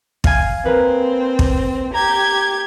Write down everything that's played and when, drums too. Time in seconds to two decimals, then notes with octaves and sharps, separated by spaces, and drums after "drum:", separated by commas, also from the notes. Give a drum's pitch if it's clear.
0.24 F5 G#5, drum: kick
0.65 A#3 C4 B4
1.39 drum: kick
1.94 G4 A#5 G#6